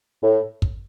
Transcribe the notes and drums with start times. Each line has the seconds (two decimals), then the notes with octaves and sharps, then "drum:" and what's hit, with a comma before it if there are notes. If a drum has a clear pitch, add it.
0.22 A2
0.62 drum: kick